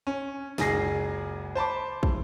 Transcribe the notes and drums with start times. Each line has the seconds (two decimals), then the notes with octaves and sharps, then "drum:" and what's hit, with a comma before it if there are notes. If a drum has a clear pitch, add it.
0.07 C#4
0.58 F#1 C#2 G#4 A#6 C7, drum: snare
1.55 C5 A5 B5 D6
2.03 drum: kick